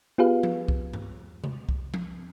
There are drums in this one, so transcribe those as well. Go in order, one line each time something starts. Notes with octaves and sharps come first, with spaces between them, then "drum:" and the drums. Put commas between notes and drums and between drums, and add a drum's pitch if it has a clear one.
B3 F4 G4 G#4 B4 F5
drum: tom F3
drum: kick C2
drum: tom G2
drum: tom C3
drum: kick C2
drum: tom F3